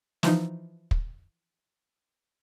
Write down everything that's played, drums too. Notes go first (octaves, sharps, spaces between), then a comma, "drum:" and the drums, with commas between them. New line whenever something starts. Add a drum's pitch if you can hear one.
E3 F3 D#4, drum: snare
drum: kick